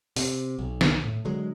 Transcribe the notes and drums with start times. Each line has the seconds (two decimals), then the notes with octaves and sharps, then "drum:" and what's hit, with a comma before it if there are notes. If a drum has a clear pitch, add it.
0.16 C3, drum: open hi-hat
0.58 B1
0.81 drum: snare
1.04 A2
1.25 D3 F#3 G#3